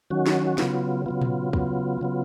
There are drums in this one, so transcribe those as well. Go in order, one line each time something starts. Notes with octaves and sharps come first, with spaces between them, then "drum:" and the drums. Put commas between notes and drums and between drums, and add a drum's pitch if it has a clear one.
D#3 F#3 C#4 F#4
drum: snare
F#4
C#3 F#3 B3 F4, drum: snare
C#3 F#3 B3 F4
drum: tom A#2
C#3 F#3 B3, drum: kick
C#3 F#3 B3